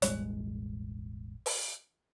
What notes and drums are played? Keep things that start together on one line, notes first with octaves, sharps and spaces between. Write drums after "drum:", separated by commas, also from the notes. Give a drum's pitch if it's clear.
E1 A1 G3 G#3, drum: hi-hat
drum: open hi-hat